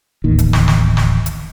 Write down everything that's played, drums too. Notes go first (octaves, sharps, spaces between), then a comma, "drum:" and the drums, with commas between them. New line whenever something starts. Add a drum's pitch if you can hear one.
D1 A1 D#2 D#3
drum: hi-hat
drum: snare
drum: snare
drum: snare
drum: hi-hat